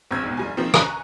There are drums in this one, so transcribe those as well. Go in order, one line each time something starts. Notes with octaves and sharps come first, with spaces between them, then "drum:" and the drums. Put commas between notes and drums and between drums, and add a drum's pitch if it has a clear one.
A#1 C4 E6 F6 G#6
D#2 G#2 B2
F1 G3 G#5
D#3 F3 A#3 C4
G#5 A#5 C#6 F#6, drum: rim click